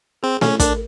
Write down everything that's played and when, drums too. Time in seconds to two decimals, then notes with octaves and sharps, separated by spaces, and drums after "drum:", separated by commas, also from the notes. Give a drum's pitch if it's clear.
0.23 C4 G#4
0.41 C#4 A4, drum: snare A3
0.60 D4 A#4, drum: kick, hi-hat